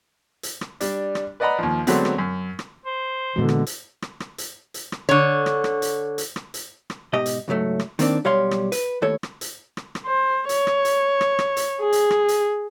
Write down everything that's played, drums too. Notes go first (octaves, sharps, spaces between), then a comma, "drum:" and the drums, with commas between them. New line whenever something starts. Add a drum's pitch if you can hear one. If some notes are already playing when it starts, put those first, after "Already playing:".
drum: hi-hat
drum: rim click
G3 D4, drum: hi-hat
drum: rim click
B4 D5 D#5 F#5 A#5 B5
D#2 F3
D3 F#3 G#3 A3 B3 C4, drum: hi-hat
drum: rim click
F#2
drum: rim click
C5
A#2 D3 E3 G#3 B3 F#4
drum: rim click
drum: hi-hat
drum: rim click
drum: rim click
drum: hi-hat
drum: hi-hat
drum: rim click
D3 C#5
drum: rim click
drum: rim click
drum: hi-hat
drum: hi-hat
drum: rim click
drum: hi-hat
drum: rim click
G#2 B2 G4 D#5
drum: hi-hat
C#2 G#2 F#3 A3
drum: rim click
D#3 A#3 C4 D4, drum: hi-hat
B1 G3 C#5 F5 C6
drum: rim click
B4, drum: hi-hat
D#2 A2 A4 C#5
drum: rim click
drum: hi-hat
drum: rim click
drum: rim click
C5
C#5, drum: hi-hat
drum: rim click
drum: hi-hat
drum: rim click
drum: rim click
drum: hi-hat
G#4
drum: hi-hat
drum: rim click
drum: hi-hat